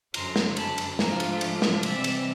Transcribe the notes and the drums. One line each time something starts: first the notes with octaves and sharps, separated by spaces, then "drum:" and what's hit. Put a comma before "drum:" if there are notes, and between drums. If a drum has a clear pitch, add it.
F#2 D3 F#3 A#5 C6, drum: cymbal
drum: snare
A5 B5, drum: cymbal
drum: cymbal
G#2 F3 A3 D4 F4 G#5 A#5, drum: snare
drum: cymbal
drum: cymbal
drum: snare
C3 E3 G3 C4 D5 E5, drum: cymbal
drum: cymbal